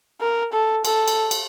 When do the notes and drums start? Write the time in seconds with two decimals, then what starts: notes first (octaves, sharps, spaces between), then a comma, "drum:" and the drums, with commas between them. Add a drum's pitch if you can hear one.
0.21 A#4
0.53 A4
0.85 A4, drum: cymbal
1.08 drum: cymbal
1.31 drum: cymbal